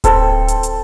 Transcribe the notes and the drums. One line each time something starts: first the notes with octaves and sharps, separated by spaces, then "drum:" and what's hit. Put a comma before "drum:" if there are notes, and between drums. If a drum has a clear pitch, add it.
C4 A4, drum: kick D1, hi-hat
drum: hi-hat
drum: hi-hat